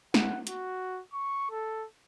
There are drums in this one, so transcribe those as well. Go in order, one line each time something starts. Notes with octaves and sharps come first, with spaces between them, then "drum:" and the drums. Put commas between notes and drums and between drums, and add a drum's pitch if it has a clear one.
F#5, drum: snare
F#4, drum: hi-hat
C#6
A4